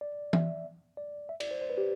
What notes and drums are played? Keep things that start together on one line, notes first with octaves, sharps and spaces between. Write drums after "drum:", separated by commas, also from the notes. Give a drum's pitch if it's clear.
D5
E5, drum: tom E3
D5
E5
D5, drum: cymbal
C5
C5
B4
G4